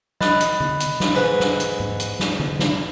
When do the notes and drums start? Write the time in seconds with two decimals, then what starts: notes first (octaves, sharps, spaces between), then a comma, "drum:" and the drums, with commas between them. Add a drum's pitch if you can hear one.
0.21 D#5 B5 F#6, drum: snare
0.40 drum: hi-hat
0.60 drum: tom D3
0.80 drum: hi-hat
1.00 drum: snare
1.15 G#2 B4 D#6
1.40 drum: snare
1.60 drum: hi-hat
1.80 drum: tom G#2
2.00 drum: hi-hat
2.19 drum: snare
2.39 drum: tom D3
2.59 drum: snare